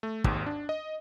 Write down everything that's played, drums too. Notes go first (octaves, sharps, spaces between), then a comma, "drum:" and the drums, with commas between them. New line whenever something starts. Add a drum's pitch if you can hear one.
A3
G#1 D#2 G#2, drum: kick
D4
D#5